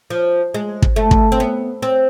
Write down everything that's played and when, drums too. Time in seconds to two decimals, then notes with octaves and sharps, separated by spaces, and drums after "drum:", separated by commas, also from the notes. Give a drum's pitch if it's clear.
0.10 F3
0.54 G#3
0.82 drum: kick
0.96 A3
1.11 drum: kick
1.32 C4
1.40 B3
1.82 C4